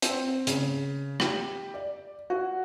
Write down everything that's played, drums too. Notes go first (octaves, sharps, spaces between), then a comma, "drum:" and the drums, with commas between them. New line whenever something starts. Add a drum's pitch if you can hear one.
C4, drum: hi-hat
C#3, drum: hi-hat
G4, drum: rim click
D5
F#4